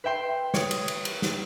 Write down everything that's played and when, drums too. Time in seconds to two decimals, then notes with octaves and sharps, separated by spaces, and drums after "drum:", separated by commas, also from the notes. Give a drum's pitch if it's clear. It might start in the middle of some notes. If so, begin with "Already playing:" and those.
0.04 B4 E5 G5 C6
0.54 C#5 C#6 D#6, drum: snare
0.71 drum: cymbal
0.88 drum: cymbal
1.05 drum: cymbal
1.22 drum: snare